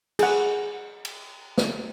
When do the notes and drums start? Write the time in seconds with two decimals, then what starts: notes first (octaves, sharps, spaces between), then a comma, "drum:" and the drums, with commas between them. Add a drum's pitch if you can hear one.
0.19 G#4 F#5, drum: cymbal
1.05 drum: cymbal
1.58 drum: snare